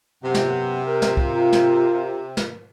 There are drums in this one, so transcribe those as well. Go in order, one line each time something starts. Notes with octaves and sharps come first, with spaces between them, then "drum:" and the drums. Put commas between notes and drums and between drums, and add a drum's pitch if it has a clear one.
F#2 C3 B3 F#5
drum: snare
A#4
drum: snare
F4 A#4, drum: kick
drum: snare
drum: snare